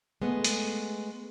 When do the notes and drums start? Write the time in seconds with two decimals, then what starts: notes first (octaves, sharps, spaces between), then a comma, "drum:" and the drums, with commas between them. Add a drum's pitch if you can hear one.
0.22 G#3 A3 B3
0.44 drum: hi-hat